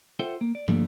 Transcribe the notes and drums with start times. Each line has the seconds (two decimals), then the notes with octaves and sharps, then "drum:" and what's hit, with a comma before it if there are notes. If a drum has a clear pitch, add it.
0.19 F4 A4 C5 E5 F#5 G5
0.41 A#3
0.55 D5
0.68 D3 F3 G3 A3 A#3, drum: tom